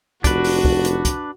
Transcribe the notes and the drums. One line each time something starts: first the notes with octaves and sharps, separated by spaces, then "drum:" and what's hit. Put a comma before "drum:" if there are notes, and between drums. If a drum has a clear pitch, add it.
F1 D4 F#4 B4, drum: kick, hi-hat
drum: open hi-hat
drum: kick
drum: hi-hat
drum: kick, hi-hat